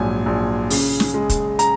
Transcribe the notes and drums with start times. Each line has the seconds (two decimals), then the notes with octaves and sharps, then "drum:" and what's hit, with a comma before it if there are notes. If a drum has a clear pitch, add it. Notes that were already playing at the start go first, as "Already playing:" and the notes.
Already playing: A#1 G#2 F#3 G#5
0.26 A#1
0.70 C#3, drum: open hi-hat
1.00 drum: snare
1.14 G#3
1.30 drum: kick, hi-hat
1.59 A#5, drum: hi-hat